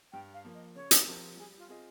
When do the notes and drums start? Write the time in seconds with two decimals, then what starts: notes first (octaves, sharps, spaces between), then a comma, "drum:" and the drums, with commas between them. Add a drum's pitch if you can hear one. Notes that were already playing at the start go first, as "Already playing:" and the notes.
0.12 G2 G5
0.34 F5
0.44 F3 A#3
0.54 D#5
0.75 C#3 C#5
0.91 drum: hi-hat
1.06 F3 C4 G4 A#4
1.37 G3 G#4
1.58 F4
1.68 C4 F4 G#4 D#5